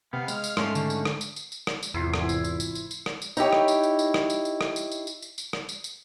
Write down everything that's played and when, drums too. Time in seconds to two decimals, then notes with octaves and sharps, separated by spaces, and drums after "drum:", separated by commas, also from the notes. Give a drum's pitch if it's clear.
0.13 C3 B3 F5
0.28 G#3 F6, drum: tambourine
0.44 drum: tambourine
0.57 G#2 A3 C#4 C6, drum: rim click
0.75 D3, drum: tambourine
0.90 drum: tambourine
1.05 drum: rim click
1.21 drum: tambourine
1.36 drum: tambourine
1.52 drum: tambourine
1.67 drum: rim click
1.83 drum: tambourine
1.94 G#1 E2 C3 E3 E4 F4 C6
2.14 drum: rim click
2.29 drum: tambourine
2.44 drum: tambourine
2.60 drum: tambourine
2.75 drum: tambourine
2.91 drum: tambourine
3.06 drum: rim click
3.22 drum: tambourine
3.37 D#4 E4 G4 C#5, drum: tambourine
3.53 drum: rim click
3.68 drum: tambourine
3.83 drum: tambourine
3.99 drum: tambourine
4.14 drum: rim click
4.30 drum: tambourine
4.45 drum: tambourine
4.61 drum: rim click
4.76 drum: tambourine
4.92 drum: tambourine
5.07 drum: tambourine
5.22 drum: tambourine
5.38 drum: tambourine
5.53 drum: rim click
5.69 drum: tambourine
5.84 drum: tambourine